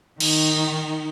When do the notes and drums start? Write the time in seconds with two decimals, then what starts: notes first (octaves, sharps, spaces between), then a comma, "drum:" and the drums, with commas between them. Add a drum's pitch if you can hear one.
0.20 D#3 D#4, drum: cymbal